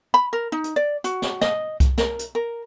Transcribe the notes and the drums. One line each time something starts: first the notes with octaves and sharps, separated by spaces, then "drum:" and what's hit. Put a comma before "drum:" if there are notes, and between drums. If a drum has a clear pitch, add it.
B5
A#4
D#4
drum: hi-hat
D5
F#4, drum: hi-hat
drum: snare
D#5, drum: snare
drum: kick C2, hi-hat
A#4, drum: snare
drum: hi-hat
A#4